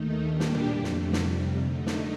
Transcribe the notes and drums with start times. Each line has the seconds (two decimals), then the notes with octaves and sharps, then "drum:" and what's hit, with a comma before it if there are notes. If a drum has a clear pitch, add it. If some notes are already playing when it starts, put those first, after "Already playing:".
Already playing: D#2 D#3 A3 D#4
0.25 A#2 G3 A#3 D4 G4
0.40 drum: snare
0.55 drum: tom B2
0.69 F2 D3 A3
0.84 drum: snare
1.13 F2 C3 G3, drum: snare
1.58 D3 A3 D#4
1.87 drum: snare